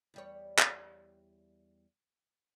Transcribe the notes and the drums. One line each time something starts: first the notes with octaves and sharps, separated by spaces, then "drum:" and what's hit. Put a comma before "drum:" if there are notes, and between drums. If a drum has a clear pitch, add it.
E2 G3 C#5
drum: clap